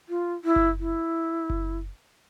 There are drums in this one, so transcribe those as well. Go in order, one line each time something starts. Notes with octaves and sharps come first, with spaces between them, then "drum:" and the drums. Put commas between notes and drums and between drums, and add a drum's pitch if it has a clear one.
F4
E4
drum: kick F#1
E4
drum: kick F#1